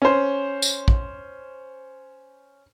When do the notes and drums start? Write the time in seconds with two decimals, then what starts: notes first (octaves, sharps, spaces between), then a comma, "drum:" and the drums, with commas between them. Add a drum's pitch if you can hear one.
0.02 C#4 C5
0.62 drum: tambourine
0.88 drum: kick